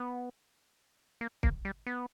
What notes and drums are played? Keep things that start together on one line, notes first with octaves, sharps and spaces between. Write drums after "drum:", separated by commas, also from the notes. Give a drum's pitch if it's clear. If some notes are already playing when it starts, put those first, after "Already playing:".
Already playing: B3
A#3
A#3, drum: kick
G3
B3